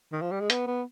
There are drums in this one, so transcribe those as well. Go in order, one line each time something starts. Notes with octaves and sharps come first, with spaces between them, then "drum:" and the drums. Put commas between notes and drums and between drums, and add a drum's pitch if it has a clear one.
D#3
F3
G3
G#3
B3, drum: hi-hat
B3